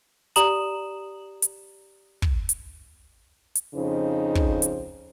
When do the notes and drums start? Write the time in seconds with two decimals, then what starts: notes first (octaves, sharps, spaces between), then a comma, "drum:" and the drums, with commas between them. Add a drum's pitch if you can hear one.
0.36 G4 D5 A#5 D#6 E7 F#7, drum: hi-hat
1.42 drum: hi-hat
2.22 drum: kick
2.49 drum: hi-hat
3.55 drum: hi-hat
3.74 F2 C#3 D#4 C5
4.35 drum: kick
4.62 drum: hi-hat